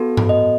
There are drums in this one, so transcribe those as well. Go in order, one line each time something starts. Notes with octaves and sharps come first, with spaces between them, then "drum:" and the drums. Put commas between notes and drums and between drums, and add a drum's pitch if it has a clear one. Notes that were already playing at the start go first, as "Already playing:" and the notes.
Already playing: B3 F#4 A4
drum: tom G2
D#5